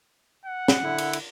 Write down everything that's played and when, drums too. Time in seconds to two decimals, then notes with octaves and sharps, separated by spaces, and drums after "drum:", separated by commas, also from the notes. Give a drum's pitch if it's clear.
0.45 F#5
0.68 drum: snare
0.83 D3 E4
0.98 drum: cymbal
1.13 drum: cymbal